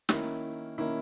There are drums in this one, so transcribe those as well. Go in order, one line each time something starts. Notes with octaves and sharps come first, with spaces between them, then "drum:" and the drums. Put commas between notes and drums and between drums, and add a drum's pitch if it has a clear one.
D#3 A#3 C#4 E4, drum: snare
D#3 A#3 C#4 E4